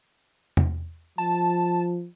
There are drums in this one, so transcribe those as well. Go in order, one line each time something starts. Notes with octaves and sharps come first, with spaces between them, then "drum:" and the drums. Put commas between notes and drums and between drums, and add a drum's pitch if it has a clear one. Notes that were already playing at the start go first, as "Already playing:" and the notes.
drum: tom E2
F3 A5